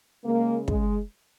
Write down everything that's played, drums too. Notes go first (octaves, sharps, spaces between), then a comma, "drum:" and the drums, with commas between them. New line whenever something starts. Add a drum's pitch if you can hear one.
C#3 G#3 A#3
G#3, drum: kick